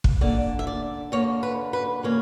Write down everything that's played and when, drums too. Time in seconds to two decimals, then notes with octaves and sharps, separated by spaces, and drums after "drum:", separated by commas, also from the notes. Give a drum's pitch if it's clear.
0.04 drum: kick
0.21 D3 A#3 D5
0.59 E5
0.67 D5
1.12 D3 A#3 C#5
1.43 B4
1.73 B4
2.03 C#3 E3 A#3 C#5